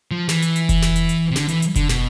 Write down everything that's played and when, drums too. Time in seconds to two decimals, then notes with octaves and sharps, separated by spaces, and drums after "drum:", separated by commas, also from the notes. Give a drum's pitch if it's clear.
0.11 F3
0.29 E3, drum: snare
0.42 drum: hi-hat
0.56 drum: hi-hat
0.69 drum: kick F1, hi-hat
0.82 drum: snare
0.96 drum: hi-hat
1.09 drum: hi-hat
1.31 C3
1.36 D3, drum: snare
1.48 E3, drum: hi-hat
1.62 drum: hi-hat
1.75 D3, drum: kick F1, hi-hat
1.89 B2, drum: snare